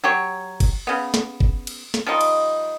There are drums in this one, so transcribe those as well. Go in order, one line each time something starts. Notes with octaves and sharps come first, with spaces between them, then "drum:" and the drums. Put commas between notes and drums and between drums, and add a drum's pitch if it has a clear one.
F#3 G4 C#5
drum: kick, cymbal
C#3 B3
drum: snare
drum: kick
drum: cymbal
drum: snare
F3 G3 D#4
drum: cymbal